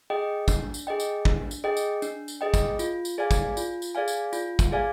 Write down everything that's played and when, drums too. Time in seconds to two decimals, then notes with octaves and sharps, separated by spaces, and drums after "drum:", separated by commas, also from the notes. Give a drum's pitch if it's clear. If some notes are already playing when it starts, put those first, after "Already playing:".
0.10 G#4 D#5 G5
0.48 D4, drum: kick, tambourine
0.74 drum: tambourine
0.87 G#4 D#5 G5
1.00 drum: tambourine
1.25 D4, drum: kick
1.51 drum: tambourine
1.64 G#4 D#5 G5
1.77 drum: tambourine
2.02 D4, drum: tambourine
2.28 drum: tambourine
2.41 G#4 D#5 G5
2.54 drum: kick, tambourine
2.79 F4, drum: tambourine
3.05 drum: tambourine
3.18 G#4 D5 F5 G#5
3.31 drum: kick, tambourine
3.57 F4, drum: tambourine
3.82 drum: tambourine
3.95 G#4 D5 F5 G#5
4.08 drum: tambourine
4.33 F4, drum: tambourine
4.59 drum: kick, tambourine
4.72 G#4 D5 F5 G#5